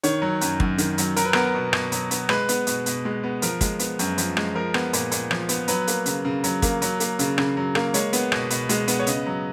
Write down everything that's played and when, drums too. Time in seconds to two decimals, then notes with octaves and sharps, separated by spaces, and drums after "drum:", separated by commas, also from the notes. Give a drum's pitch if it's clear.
0.03 D#3 C#5, drum: hi-hat
0.22 F#3
0.41 F#2, drum: hi-hat
0.60 F#2, drum: kick
0.78 D#3, drum: hi-hat
0.98 F#3, drum: hi-hat
1.16 F#3 A#4, drum: hi-hat
1.25 B4
1.33 B3 A#4, drum: rim click
1.55 B2
1.73 B2, drum: rim click
1.92 F#3, drum: hi-hat
2.11 B3, drum: hi-hat
2.29 G#3 B4, drum: rim click
2.49 B3, drum: hi-hat
2.67 B2, drum: hi-hat
2.86 B2, drum: hi-hat
3.05 G#3
3.24 B3
3.42 F3 A#4, drum: hi-hat
3.61 G#3, drum: kick, hi-hat
3.79 B3, drum: hi-hat
3.99 F#2, drum: hi-hat
4.18 F3, drum: hi-hat
4.37 G#3, drum: rim click
4.55 F3 A#4
4.74 B3, drum: rim click
4.93 A#2, drum: hi-hat
5.11 A#2, drum: hi-hat
5.31 F3, drum: rim click
5.49 B3, drum: hi-hat
5.68 F#3 B4, drum: hi-hat
5.87 A#3, drum: hi-hat
6.06 C#3, drum: hi-hat
6.25 C#3
6.44 F#3, drum: hi-hat
6.62 A#3, drum: kick, hi-hat
6.82 F#3, drum: hi-hat
7.00 A#3, drum: hi-hat
7.19 C#3, drum: hi-hat
7.38 C#3, drum: rim click
7.57 F#3
7.75 A#3, drum: rim click
7.94 G#3 C#5, drum: hi-hat
8.13 B3, drum: hi-hat
8.32 B2, drum: rim click
8.50 B2, drum: hi-hat
8.69 G#3, drum: hi-hat
8.88 B3, drum: hi-hat
8.99 C#5
9.07 C#3 D#5, drum: hi-hat
9.26 F#3